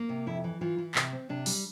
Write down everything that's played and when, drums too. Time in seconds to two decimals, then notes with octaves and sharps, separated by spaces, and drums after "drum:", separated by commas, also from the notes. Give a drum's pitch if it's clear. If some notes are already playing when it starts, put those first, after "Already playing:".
Already playing: A#3
0.09 C3
0.26 F2 E4
0.44 E3
0.61 E3 F4
0.78 E3
0.95 C3, drum: clap
1.12 C4
1.29 C3 D4
1.46 G3, drum: open hi-hat